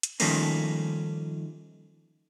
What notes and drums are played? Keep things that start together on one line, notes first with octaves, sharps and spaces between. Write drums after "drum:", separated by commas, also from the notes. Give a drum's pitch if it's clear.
drum: hi-hat
D#3 F3 G3 A3 A#3 C#4, drum: cymbal